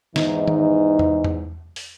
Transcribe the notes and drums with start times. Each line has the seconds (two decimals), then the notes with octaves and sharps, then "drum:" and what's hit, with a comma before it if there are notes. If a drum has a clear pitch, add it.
0.16 E2 G#2 E3 D#4, drum: snare
0.48 drum: tom D#3
0.99 drum: tom E2
1.24 drum: tom E2
1.76 drum: open hi-hat